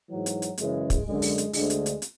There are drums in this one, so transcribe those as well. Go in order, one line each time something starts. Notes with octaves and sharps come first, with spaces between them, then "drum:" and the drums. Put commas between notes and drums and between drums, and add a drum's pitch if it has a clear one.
G#2 E3 F#3
drum: hi-hat
drum: hi-hat
F#2 C#3 E3 G#3, drum: hi-hat
drum: kick, hi-hat
F#2 D3 G#3
drum: open hi-hat
drum: hi-hat
D2 D3 G#3, drum: open hi-hat
drum: hi-hat
drum: hi-hat
drum: hi-hat